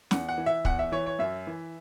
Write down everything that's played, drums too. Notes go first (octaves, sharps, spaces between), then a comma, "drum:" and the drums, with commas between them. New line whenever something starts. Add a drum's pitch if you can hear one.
E2 F#5, drum: snare
F#5
E3
E5
E2 F#5, drum: kick
E5
E3 C#5
C#5
F#2 E5
E3